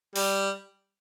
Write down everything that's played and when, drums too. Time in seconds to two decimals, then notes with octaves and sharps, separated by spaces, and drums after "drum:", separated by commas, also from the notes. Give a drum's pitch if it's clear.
0.16 G3, drum: open hi-hat